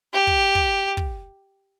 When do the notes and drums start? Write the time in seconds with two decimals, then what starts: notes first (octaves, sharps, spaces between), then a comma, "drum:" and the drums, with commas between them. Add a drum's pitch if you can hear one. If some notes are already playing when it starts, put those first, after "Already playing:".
0.14 G4
0.27 drum: kick
0.55 drum: kick
0.97 drum: kick